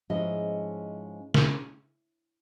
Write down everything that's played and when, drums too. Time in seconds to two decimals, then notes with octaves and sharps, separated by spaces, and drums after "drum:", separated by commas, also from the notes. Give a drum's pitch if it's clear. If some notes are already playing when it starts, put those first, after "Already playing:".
0.10 G#2 F3 G#3 C#4 E4 D#5
1.34 drum: snare